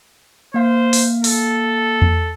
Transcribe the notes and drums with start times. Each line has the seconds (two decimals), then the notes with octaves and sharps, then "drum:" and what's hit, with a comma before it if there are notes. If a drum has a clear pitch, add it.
0.54 A#3 C5 F5
0.93 drum: open hi-hat
1.24 A4, drum: open hi-hat
2.02 drum: tom E2